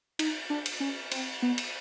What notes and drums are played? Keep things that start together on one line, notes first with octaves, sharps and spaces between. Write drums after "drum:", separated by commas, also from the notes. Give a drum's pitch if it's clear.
D#4, drum: cymbal
D4
drum: cymbal
C#4
C4, drum: cymbal
B3
drum: cymbal